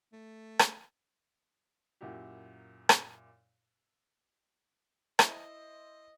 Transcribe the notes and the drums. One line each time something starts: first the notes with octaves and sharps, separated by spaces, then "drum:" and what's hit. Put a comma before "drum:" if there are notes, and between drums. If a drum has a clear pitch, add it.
A3
drum: rim click
F#2 A#2 E4 F#4 G4
drum: rim click
E4 C5 D#5, drum: rim click